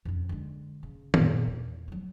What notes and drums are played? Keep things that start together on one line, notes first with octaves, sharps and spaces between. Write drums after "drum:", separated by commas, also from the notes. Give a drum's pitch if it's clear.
F2 C#4
D3 G#3
C#3
F#2 A#2, drum: tom D#3
E2
F#3 A3